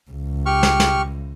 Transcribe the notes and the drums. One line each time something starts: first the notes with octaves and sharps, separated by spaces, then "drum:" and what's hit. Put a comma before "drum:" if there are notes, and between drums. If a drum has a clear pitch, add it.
C#2
G4 C#6 F6
drum: snare
drum: snare